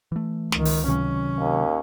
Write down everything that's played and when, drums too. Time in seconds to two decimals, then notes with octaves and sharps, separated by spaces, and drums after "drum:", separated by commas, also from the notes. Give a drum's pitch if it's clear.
0.12 E3 A3
0.52 C#2 D#3, drum: snare
0.65 drum: open hi-hat
0.88 C3 D#3 F#3 C#4
1.39 D#2